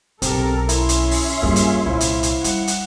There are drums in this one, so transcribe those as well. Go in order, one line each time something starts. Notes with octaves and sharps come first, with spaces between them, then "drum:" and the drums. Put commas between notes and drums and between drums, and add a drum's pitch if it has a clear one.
B1 C4 G4 A4 A#4, drum: hi-hat
C#4 E4 E5 C6, drum: hi-hat
drum: hi-hat
drum: open hi-hat
G2 G3 A#3 F4 G#4
drum: hi-hat
C2 A#2 E4 C5 F5
drum: hi-hat
drum: hi-hat
G3 F#5, drum: hi-hat
drum: hi-hat